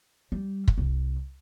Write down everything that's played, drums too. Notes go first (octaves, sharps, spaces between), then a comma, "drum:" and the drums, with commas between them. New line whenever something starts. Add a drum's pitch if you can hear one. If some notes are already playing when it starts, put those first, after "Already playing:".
G3
drum: kick
C2